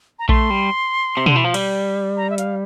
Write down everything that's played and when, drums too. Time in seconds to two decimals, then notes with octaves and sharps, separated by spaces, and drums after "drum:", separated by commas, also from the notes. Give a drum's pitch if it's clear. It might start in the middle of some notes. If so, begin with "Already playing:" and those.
0.19 A#5
0.29 A3 C6, drum: kick A#1
0.50 G3
1.17 C3
1.26 D3, drum: tom B2
1.36 E3
1.44 F3
1.54 G3, drum: cymbal
2.17 A#5
2.30 E5
2.38 F5, drum: hi-hat